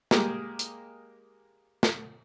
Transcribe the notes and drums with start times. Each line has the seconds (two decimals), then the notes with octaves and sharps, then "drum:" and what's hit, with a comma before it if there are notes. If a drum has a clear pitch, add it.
0.11 G#3 A#3 G4 G#4, drum: snare
0.59 drum: hi-hat
1.83 drum: snare